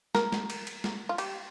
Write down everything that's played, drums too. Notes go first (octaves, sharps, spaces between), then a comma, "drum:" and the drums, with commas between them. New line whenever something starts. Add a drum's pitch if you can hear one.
A#4, drum: snare
drum: snare
drum: cymbal
drum: cymbal
drum: snare
F4
G4, drum: cymbal